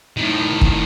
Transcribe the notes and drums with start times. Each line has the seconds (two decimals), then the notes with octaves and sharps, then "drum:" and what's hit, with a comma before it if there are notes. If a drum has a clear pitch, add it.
0.17 A2 D#3
0.61 drum: kick